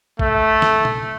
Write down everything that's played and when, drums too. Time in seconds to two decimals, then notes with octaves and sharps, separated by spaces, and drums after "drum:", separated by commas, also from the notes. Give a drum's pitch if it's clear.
0.19 A3, drum: kick
0.62 drum: snare
0.85 drum: tom A#2